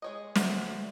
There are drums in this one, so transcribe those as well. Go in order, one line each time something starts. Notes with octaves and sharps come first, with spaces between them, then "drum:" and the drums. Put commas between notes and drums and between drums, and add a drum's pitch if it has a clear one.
G#3 C#5 D#5
D2, drum: snare